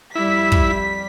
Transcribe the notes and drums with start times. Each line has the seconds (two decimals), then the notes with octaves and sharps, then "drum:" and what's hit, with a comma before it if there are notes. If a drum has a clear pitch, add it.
0.15 F2 G3 E4 B6
0.52 drum: kick